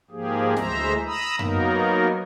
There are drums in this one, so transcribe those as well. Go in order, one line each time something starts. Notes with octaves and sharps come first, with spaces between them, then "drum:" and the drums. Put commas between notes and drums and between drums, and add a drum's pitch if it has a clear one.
G#2 F3 A#3 G4 G#4
D2 E3 G#3 C5 E5 A#5, drum: snare
A#5 B5 D#6 E6
F#3 A#3 B3 D#4 A#4, drum: tom F#2